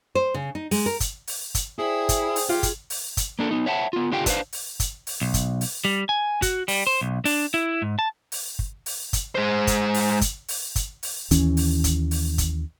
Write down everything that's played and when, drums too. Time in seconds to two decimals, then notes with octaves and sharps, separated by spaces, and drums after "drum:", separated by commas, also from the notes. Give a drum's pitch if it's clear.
0.15 C5
0.34 C#3
0.55 D#4
0.71 G#3, drum: open hi-hat
0.86 A#4
1.00 drum: kick, hi-hat
1.27 drum: open hi-hat
1.55 drum: kick, hi-hat
1.79 E4 G#4 C5 D5 G5
2.09 drum: kick, hi-hat
2.36 drum: open hi-hat
2.49 F4 G4 G#4
2.63 drum: kick, hi-hat
2.90 drum: open hi-hat
3.17 drum: kick, hi-hat
3.39 A#3 D4 A4
3.51 B3 D#4
3.66 C#5 E5 F#5 A5
3.93 B3 F4
4.12 D3 F4 G4 F5 G5
4.26 D4 B4 C5 F5, drum: kick, hi-hat
4.53 drum: open hi-hat
4.80 drum: kick, hi-hat
5.07 drum: open hi-hat
5.22 B1
5.34 drum: kick, hi-hat
5.61 drum: open hi-hat
5.85 G3
6.09 G#5
6.42 F#4, drum: kick, hi-hat
6.68 G3, drum: open hi-hat
6.87 C5
7.01 B1
7.25 D4, drum: open hi-hat
7.54 E4
7.82 G#2
7.99 A5
8.32 drum: open hi-hat
8.59 drum: kick
8.86 drum: open hi-hat
9.13 drum: kick, hi-hat
9.35 G#3 C5
9.67 drum: kick, hi-hat
9.94 drum: open hi-hat
10.21 drum: kick, hi-hat
10.48 drum: open hi-hat
10.76 drum: kick, hi-hat
11.03 drum: open hi-hat
11.31 D#2 E3 C#4, drum: kick, hi-hat
11.57 drum: open hi-hat
11.84 drum: kick, hi-hat
12.11 drum: open hi-hat
12.38 drum: kick, hi-hat